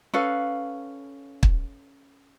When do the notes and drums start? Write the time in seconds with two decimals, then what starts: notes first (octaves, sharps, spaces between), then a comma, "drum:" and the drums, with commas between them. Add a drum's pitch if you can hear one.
0.14 C#4 A4 B4 F5
1.43 drum: kick